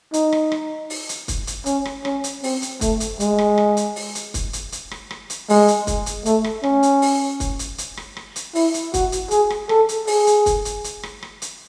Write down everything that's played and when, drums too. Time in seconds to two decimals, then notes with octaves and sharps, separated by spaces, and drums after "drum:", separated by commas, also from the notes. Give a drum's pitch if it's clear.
0.14 D#4, drum: hi-hat
0.32 drum: rim click
0.52 drum: rim click
0.90 drum: open hi-hat
1.09 drum: hi-hat
1.28 drum: kick, hi-hat
1.47 drum: hi-hat
1.66 C#4, drum: hi-hat
1.85 drum: rim click
2.05 C#4, drum: rim click
2.24 drum: hi-hat
2.43 C4, drum: open hi-hat
2.62 drum: hi-hat
2.81 A3, drum: kick, hi-hat
3.00 drum: hi-hat
3.20 G#3, drum: hi-hat
3.38 drum: rim click
3.58 drum: rim click
3.77 drum: hi-hat
3.96 drum: open hi-hat
4.15 drum: hi-hat
4.34 drum: kick, hi-hat
4.53 drum: hi-hat
4.72 drum: hi-hat
4.91 drum: rim click
5.11 drum: rim click
5.30 drum: hi-hat
5.49 G#3, drum: open hi-hat
5.68 drum: hi-hat
5.87 drum: kick, hi-hat
6.06 drum: hi-hat
6.26 A3, drum: hi-hat
6.44 drum: rim click
6.63 C#4, drum: rim click
6.83 drum: hi-hat
7.02 drum: open hi-hat
7.40 drum: kick, hi-hat
7.59 drum: hi-hat
7.78 drum: hi-hat
7.97 drum: rim click
8.17 drum: rim click
8.36 drum: hi-hat
8.55 E4, drum: open hi-hat
8.74 drum: hi-hat
8.94 F#4, drum: kick, hi-hat
9.12 drum: hi-hat
9.31 G#4, drum: hi-hat
9.50 drum: rim click
9.69 A4, drum: rim click
9.89 drum: hi-hat
10.07 G#4, drum: open hi-hat
10.27 drum: hi-hat
10.46 drum: kick, hi-hat
10.65 drum: hi-hat
10.84 drum: hi-hat
11.03 drum: rim click
11.23 drum: rim click
11.42 drum: hi-hat